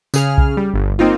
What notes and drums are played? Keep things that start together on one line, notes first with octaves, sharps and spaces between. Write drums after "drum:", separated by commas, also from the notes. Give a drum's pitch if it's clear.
C#3 G#4 F6, drum: tambourine
drum: kick B1
G3
G1
A#3 C4 D#4 F4